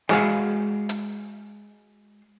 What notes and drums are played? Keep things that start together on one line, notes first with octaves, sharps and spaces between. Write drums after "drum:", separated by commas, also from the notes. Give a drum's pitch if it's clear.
G#3 F#4 G#4 E5 F5, drum: snare
drum: hi-hat